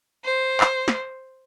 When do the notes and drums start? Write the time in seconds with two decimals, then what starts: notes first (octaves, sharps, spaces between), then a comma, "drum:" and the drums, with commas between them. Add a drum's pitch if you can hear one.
0.24 C5
0.60 drum: clap
0.88 drum: snare